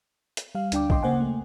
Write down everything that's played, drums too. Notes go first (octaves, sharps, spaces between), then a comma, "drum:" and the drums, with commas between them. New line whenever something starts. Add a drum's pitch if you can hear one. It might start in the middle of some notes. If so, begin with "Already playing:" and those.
drum: hi-hat
G3 F5
D2 D4 G5 D6, drum: hi-hat
D#5 G5 C6 D6, drum: kick
C#3 A#3 C5 F#5 G#5
A3